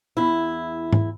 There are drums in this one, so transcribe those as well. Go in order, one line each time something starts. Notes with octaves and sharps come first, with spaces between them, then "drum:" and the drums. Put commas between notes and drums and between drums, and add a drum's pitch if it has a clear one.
E2 E4
drum: tom G#2